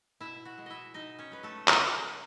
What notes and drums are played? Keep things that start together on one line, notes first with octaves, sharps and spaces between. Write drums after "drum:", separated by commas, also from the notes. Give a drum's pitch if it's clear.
B2 E4 E5
F#4 F#5
G#3
E4 D#5 E5
B2 D#4 D#5
C#4 C#5
G#3 B4
A3 A4
C#3, drum: clap
G#3